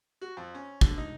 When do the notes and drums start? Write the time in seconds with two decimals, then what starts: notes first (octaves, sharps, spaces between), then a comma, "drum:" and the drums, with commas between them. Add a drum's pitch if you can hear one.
0.21 F#4
0.37 F2
0.55 C#4
0.81 D3, drum: kick
0.98 D#4